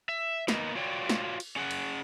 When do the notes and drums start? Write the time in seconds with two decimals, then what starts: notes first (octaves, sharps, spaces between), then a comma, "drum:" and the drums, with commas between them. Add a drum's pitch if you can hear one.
0.09 E5
0.48 A#3 B3 D#4, drum: snare
0.75 F4 F#4 C#5 D5 G5
1.09 drum: snare
1.40 drum: cymbal
1.56 C#4 G#4 F#5
1.71 drum: cymbal